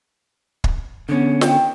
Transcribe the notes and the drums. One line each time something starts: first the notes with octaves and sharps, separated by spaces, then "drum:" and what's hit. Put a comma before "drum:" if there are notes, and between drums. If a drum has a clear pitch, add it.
drum: kick
D3 B3 C#4
D#3 C5 G5, drum: snare